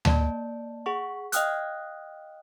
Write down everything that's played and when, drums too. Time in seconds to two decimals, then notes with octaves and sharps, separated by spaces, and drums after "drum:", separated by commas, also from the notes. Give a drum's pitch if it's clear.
0.05 A#3 D5 A5, drum: tom D2
0.86 G#4 F#5 C#6
1.32 D#5 F5 G5 D#6 F6 F#6, drum: hi-hat